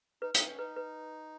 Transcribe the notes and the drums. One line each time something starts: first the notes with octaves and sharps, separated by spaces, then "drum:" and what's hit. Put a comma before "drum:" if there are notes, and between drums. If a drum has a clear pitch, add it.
D#4 B4
D#4, drum: hi-hat
G5
C#4
D#4 B4
B4